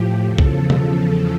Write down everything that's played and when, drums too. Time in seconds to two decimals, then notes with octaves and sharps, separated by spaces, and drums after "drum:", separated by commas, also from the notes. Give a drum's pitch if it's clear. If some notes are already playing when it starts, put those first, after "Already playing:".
Already playing: A2 F3 G4
0.26 E2 C#3 F3 A4
0.38 drum: kick
0.70 drum: tom B2